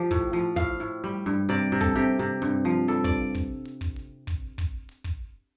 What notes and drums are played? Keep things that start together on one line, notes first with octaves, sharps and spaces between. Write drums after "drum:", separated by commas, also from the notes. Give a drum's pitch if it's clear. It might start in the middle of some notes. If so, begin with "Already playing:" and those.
Already playing: F3 F4 G4
A2, drum: kick
F3
A2 F5, drum: kick, hi-hat
A2
G3
G2
C3 D5, drum: hi-hat
C3
A4, drum: kick, hi-hat
C3 G4
C3
G2, drum: hi-hat
F3
G3 A4
D5, drum: kick, hi-hat
drum: kick, hi-hat
drum: hi-hat
drum: kick
drum: hi-hat
drum: kick, hi-hat
drum: kick, hi-hat
drum: hi-hat
drum: kick